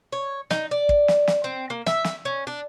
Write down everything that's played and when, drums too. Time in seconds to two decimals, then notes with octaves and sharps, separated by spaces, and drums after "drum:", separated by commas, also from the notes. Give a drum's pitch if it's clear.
0.12 C#5
0.51 D#4, drum: snare
0.71 D5
0.89 drum: kick
1.08 drum: snare
1.28 drum: snare
1.44 C4
1.70 A#3
1.86 E5, drum: snare
2.04 drum: snare
2.25 C#4
2.47 D4